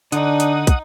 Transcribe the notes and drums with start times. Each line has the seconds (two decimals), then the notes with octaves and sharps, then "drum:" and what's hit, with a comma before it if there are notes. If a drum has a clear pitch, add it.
0.12 D3 D4 D#4 F#5 D#6, drum: hi-hat
0.40 drum: hi-hat
0.67 drum: kick, hi-hat